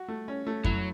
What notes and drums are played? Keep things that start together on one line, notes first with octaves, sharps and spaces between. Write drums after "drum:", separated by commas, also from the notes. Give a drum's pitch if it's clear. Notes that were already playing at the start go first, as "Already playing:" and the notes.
Already playing: F#4
A3
C#4
A3
F#3 E4, drum: kick F2